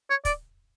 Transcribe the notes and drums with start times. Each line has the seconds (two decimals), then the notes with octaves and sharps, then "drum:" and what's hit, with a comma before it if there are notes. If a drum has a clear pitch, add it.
0.10 C#5
0.25 D5, drum: kick, hi-hat